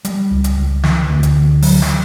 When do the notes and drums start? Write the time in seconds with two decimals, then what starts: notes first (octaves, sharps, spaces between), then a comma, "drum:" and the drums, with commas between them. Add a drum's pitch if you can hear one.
0.05 G3, drum: hi-hat
0.31 C#2
0.44 drum: hi-hat
0.57 C#2
0.83 E3, drum: snare
1.10 D2
1.23 drum: hi-hat
1.36 D2
1.62 F#3, drum: open hi-hat
1.82 drum: snare